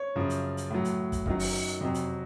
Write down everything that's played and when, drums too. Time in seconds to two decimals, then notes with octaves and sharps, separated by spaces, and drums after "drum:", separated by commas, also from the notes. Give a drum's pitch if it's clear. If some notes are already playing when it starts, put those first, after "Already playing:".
Already playing: C#5
0.16 F#2 C#3 F3
0.30 drum: hi-hat
0.57 drum: hi-hat
0.71 A2 F#3
0.85 drum: hi-hat
1.12 drum: kick, hi-hat
1.26 F#2 D#3 F#3 D#4, drum: kick
1.40 drum: open hi-hat
1.81 F2 C3 F#3
1.94 drum: hi-hat